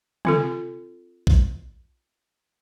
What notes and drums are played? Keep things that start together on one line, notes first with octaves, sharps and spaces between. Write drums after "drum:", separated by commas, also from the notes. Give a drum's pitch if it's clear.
C4 F4 A4, drum: tom
drum: kick A#1